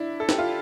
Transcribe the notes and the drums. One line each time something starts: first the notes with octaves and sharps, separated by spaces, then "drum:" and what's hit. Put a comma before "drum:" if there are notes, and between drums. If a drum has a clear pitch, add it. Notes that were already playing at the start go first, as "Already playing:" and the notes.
Already playing: D4 E4
A4
G4, drum: snare
F4